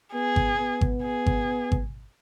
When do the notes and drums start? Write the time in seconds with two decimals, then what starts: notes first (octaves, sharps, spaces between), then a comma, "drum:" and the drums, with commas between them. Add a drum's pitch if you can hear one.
0.14 B3 G#4
0.36 drum: kick G#1
0.59 B3
0.81 drum: kick G#1
1.04 G#4
1.26 drum: kick G#1
1.72 drum: kick G#1